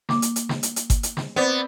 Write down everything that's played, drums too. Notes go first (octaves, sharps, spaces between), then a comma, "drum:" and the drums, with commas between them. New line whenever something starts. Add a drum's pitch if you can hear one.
A#3 D6, drum: snare
drum: hi-hat
drum: hi-hat
drum: snare
drum: hi-hat
drum: hi-hat
drum: kick G1, hi-hat
drum: hi-hat
drum: snare
B3 C4 D5